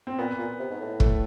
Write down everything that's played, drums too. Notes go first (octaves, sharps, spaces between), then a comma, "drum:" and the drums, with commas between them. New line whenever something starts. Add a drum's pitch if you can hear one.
C4
A#2 B3
A#2
C3
G#2
A2
A3, drum: kick